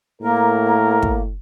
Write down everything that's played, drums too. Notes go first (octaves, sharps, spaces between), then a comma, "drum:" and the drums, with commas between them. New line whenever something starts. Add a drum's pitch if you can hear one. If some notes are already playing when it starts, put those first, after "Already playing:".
A2 A#3 A#4
drum: kick